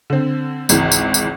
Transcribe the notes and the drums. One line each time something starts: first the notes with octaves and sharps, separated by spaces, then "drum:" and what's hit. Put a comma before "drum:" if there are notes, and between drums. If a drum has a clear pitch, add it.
D3 C4
G#1 C#2 E3, drum: tambourine
drum: tambourine
drum: tambourine